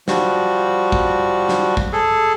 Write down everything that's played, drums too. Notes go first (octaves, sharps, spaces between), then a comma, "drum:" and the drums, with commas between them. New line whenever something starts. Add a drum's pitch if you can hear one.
F3 G3 F#4, drum: snare
drum: kick
drum: snare
drum: kick
G#4 A4